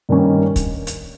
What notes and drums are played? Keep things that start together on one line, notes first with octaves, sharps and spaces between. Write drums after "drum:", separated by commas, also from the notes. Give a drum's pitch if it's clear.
G2 D#3 G3 A#3 C#4
drum: kick, hi-hat
drum: hi-hat